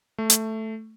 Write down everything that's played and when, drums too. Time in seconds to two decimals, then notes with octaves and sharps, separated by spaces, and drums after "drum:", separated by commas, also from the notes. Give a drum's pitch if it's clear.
0.18 A3
0.30 drum: hi-hat